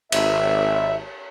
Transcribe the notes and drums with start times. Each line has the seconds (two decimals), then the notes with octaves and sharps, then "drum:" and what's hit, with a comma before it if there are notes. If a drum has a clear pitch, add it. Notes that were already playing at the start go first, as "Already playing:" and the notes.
0.12 G#1 E5, drum: cymbal